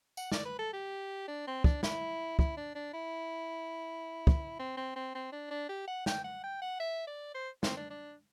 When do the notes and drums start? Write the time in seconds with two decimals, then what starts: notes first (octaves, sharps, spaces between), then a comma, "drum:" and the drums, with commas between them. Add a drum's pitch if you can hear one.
0.17 F#5, drum: tambourine
0.32 D5, drum: snare
0.45 B4
0.59 A4
0.73 G4
1.28 D4
1.47 C4
1.64 D4, drum: kick
1.83 E4, drum: snare
2.39 E4, drum: kick
2.57 D4
2.75 D4
2.93 E4
4.27 drum: kick
4.59 C4
4.77 C4
4.96 C4
5.15 C4
5.32 D4
5.51 D4
5.69 G4
5.87 F#5
6.06 G5, drum: snare
6.24 F#5
6.44 G5
6.62 F#5
6.80 E5
7.07 D5
7.35 C5
7.63 C4, drum: snare
7.77 D4
7.90 D4